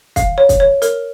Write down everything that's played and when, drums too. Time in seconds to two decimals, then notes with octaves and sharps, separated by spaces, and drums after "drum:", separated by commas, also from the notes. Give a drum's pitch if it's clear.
0.16 F5, drum: kick, hi-hat
0.38 C#5
0.49 drum: kick, hi-hat
0.60 C#5
0.82 A#4, drum: hi-hat